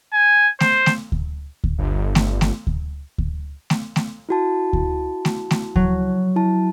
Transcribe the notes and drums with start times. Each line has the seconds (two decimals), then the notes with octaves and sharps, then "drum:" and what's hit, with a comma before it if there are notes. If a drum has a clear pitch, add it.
0.13 G#5
0.60 C5, drum: snare A3
0.86 drum: snare A3
1.12 drum: kick D2
1.64 drum: kick D2
1.79 G1
2.15 drum: snare A3
2.41 drum: snare A3
2.67 drum: kick D2
3.18 drum: kick D2
3.70 drum: snare A3
3.96 drum: snare A3
4.29 E4 F#4 A5
4.73 drum: kick D2
5.25 drum: snare A3
5.51 drum: snare A3
5.76 F#3, drum: kick D2
6.36 E4 A5